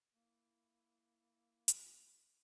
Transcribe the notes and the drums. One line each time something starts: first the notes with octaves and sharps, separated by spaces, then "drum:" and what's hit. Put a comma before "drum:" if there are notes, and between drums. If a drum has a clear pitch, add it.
A#3 E4
drum: hi-hat